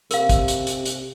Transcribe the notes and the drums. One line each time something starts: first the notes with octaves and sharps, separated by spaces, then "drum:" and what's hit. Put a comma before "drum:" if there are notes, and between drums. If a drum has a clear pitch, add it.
C3 A#4 F5, drum: hi-hat
drum: kick, hi-hat
drum: hi-hat
drum: hi-hat
drum: hi-hat